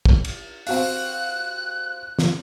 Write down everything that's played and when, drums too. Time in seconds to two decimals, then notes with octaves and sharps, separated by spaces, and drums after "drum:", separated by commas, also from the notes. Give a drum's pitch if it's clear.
0.05 drum: kick
0.24 drum: cymbal
0.67 C4 F#4 F5 F#6, drum: open hi-hat
2.19 drum: snare